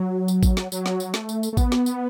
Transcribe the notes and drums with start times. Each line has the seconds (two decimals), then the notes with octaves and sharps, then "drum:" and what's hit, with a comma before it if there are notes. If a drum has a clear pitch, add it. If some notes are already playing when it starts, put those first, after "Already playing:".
Already playing: F#3
0.28 drum: tambourine
0.43 drum: kick, tambourine
0.57 drum: snare
0.72 F#3, drum: tambourine
0.86 drum: snare
1.00 drum: tambourine
1.14 A3, drum: snare
1.29 drum: tambourine
1.43 drum: tambourine
1.53 A3
1.57 B3, drum: kick, tambourine
1.72 drum: snare
1.86 drum: tambourine